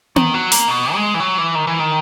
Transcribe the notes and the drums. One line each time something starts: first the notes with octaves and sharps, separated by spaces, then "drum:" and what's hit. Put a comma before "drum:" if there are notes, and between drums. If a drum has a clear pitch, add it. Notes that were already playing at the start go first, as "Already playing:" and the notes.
D#3, drum: tom B3
F#3
A#3, drum: hi-hat
B2
G#3
E3
F#3
E3
D#3
E3
D#3